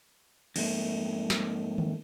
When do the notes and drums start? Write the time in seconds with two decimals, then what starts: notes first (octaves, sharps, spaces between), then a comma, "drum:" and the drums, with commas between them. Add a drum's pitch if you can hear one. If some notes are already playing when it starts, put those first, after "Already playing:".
0.56 F2 G#2 A3 A#3, drum: cymbal
1.30 drum: snare
1.78 drum: tom D#3